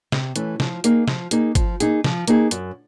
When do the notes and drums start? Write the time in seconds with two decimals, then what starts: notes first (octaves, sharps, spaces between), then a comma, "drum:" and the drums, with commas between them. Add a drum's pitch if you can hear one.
0.12 C3, drum: snare
0.36 E3 A3 C#4, drum: hi-hat
0.60 F3, drum: snare
0.84 A#3 D#4 G#4, drum: hi-hat
1.08 F3, drum: snare
1.31 A#3 D#4 G#4, drum: hi-hat
1.55 F3, drum: kick, hi-hat
1.80 A#3 D#4 G#4, drum: hi-hat
2.04 F3, drum: snare
2.27 A#3 D#4 G#4, drum: hi-hat
2.51 F#2, drum: hi-hat